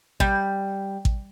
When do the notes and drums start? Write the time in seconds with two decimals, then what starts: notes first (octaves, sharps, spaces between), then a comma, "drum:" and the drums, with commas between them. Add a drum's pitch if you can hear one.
0.20 G3, drum: kick A1
1.05 drum: kick A1